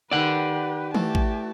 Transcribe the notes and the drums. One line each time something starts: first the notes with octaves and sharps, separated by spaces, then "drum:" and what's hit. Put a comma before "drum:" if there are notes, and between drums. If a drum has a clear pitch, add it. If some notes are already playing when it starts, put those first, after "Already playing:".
D#3 G4 B4 D5 F#5
E3 A3 G4 A5, drum: tom
drum: kick A1